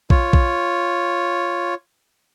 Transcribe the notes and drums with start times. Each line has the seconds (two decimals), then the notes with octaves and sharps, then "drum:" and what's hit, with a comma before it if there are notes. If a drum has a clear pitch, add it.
0.10 F4 C#5, drum: kick A#1
0.33 drum: kick A#1